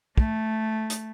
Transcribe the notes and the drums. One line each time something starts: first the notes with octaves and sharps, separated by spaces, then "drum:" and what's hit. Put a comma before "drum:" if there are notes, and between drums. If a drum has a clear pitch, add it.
A3, drum: kick
drum: hi-hat